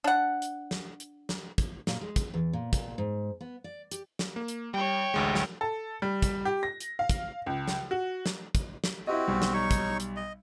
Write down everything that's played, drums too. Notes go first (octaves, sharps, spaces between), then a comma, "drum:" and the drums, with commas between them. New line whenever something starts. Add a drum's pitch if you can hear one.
D4 F#5
drum: hi-hat
drum: snare
drum: hi-hat
drum: snare
drum: kick, hi-hat
A#2, drum: snare
G#3
drum: kick, hi-hat
E2
A#2
A#2, drum: kick, hi-hat
G#2
B3
D5
G4, drum: hi-hat
drum: snare
A#3
drum: hi-hat
G3 C#5 G5
A1 D2 G#3
drum: snare
A4
G3
drum: kick, hi-hat
G4
A#6
drum: hi-hat
F5
drum: kick, hi-hat
C#2
drum: snare
F#4
drum: snare
drum: kick, hi-hat
drum: snare
C4 E4 F#4 G4 D#5
B1 G3
drum: snare
D#4 C#5 C#6
drum: kick, hi-hat
drum: hi-hat
D#5